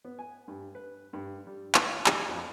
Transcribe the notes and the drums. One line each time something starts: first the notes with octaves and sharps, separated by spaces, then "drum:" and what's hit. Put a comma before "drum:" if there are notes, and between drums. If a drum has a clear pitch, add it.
B3
G#5
G2
B4
G2
G3
drum: clap
drum: clap
F2